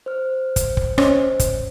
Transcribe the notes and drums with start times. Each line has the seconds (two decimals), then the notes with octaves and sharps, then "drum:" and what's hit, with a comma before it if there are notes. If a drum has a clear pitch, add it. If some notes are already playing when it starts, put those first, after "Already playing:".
0.06 C5 F6
0.56 drum: kick, hi-hat
0.77 drum: kick
0.98 C#4 C5 D#5, drum: rim click
1.40 drum: kick, hi-hat